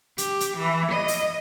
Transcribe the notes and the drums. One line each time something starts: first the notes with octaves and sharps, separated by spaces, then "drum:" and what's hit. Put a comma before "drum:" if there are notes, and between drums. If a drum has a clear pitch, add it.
G4, drum: hi-hat
drum: hi-hat
E3
D#5
drum: open hi-hat